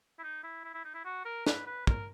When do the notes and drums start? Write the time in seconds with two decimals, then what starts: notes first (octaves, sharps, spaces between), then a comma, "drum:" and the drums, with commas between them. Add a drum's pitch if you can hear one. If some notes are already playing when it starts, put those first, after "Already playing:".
0.19 E4
0.24 D#4
0.44 E4
0.64 E4
0.75 E4
0.85 D#4
0.95 E4
1.05 F#4
1.25 A#4
1.46 B4, drum: snare
1.67 B4
1.87 A#4, drum: kick